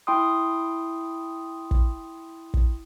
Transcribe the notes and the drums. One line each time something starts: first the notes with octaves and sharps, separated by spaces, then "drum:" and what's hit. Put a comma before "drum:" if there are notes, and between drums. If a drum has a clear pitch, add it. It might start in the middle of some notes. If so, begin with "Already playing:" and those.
E4 G5 C6 D#6
drum: kick
drum: kick